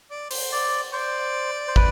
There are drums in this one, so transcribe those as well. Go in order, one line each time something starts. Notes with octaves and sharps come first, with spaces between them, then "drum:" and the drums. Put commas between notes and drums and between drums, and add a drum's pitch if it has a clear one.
D5
C5, drum: open hi-hat
D5
C5 D5
C5
B4, drum: kick